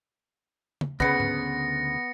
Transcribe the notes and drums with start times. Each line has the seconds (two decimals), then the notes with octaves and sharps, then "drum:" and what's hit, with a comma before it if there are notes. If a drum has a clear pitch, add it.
0.81 drum: tom C#3
1.00 D2 C#3 B3 A#6 C#7, drum: kick
1.20 drum: tom G#2